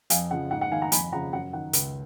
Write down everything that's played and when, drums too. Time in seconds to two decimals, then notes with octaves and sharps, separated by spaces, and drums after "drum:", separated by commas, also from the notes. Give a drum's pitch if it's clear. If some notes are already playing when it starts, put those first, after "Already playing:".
0.10 F2 F5 G#5, drum: hi-hat
0.31 C#3 F3 F#5
0.51 G#2 F#5
0.61 F#5
0.71 D#3 F5 G#5
0.82 F#5 A#5
0.92 F2 G#5 B5, drum: hi-hat
1.12 C#3 F3 F#5 A#5
1.33 F#2 F#5
1.53 D#3 F#5
1.73 C#2, drum: hi-hat